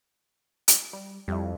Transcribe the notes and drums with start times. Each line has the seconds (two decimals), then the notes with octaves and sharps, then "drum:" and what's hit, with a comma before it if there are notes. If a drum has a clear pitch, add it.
0.68 drum: hi-hat
0.93 G3
1.28 F2 G3 E4